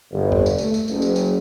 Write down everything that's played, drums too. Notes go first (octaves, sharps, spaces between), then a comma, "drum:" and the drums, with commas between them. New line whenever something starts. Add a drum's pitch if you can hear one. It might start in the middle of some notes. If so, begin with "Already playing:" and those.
G1
drum: tom
drum: tambourine
A3, drum: tambourine
drum: tambourine
F#1, drum: tambourine
drum: tambourine
drum: tambourine